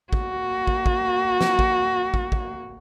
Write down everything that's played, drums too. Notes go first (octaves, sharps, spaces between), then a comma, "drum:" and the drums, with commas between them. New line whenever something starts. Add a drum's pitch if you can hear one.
A#3 F#4, drum: kick
drum: kick
drum: kick
drum: snare
drum: kick
drum: kick
drum: kick